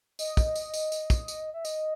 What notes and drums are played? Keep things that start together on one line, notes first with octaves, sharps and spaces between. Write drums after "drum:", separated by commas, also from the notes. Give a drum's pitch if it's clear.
D#5, drum: tambourine
drum: kick, tambourine
drum: tambourine
drum: tambourine
drum: tambourine
drum: kick, tambourine
drum: tambourine
E5
D#5, drum: tambourine